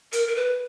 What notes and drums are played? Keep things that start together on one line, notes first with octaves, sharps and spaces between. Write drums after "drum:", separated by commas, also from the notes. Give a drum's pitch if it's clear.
A#4, drum: hi-hat
A#4
B4